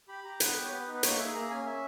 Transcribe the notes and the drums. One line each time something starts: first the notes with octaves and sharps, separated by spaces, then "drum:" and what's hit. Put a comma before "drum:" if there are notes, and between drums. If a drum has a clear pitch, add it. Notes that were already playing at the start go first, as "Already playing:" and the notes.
G4 B5
G4 A#5
B3 B4, drum: hi-hat
G4
C#5
B3 B4
D#4
B4
A#3 C#5, drum: hi-hat
G#4 E5
A#3 A#5
C#4 G#5
C#4 E5